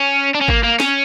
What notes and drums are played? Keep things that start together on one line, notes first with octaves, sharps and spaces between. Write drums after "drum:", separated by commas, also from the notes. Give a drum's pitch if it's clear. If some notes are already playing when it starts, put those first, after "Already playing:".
Already playing: C#4
D4
C#4
A#3, drum: kick G#1
A#3
C#4, drum: snare